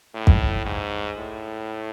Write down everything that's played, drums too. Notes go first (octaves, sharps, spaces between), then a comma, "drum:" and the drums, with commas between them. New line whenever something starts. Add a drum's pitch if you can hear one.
A2
drum: kick
G#2
A2